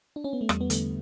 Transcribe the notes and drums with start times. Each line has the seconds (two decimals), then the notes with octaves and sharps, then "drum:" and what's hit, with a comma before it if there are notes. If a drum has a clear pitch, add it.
0.16 D4
0.24 C#4
0.33 B3
0.41 A3
0.49 E2 G3, drum: rim click
0.61 B3
0.70 D3 A3, drum: hi-hat